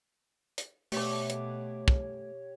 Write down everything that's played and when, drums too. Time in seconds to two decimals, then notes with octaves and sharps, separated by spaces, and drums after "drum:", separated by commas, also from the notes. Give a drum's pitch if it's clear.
0.58 drum: hi-hat
0.92 B2 A3 G4 C#5 D6, drum: open hi-hat
1.30 drum: hi-hat
1.88 drum: kick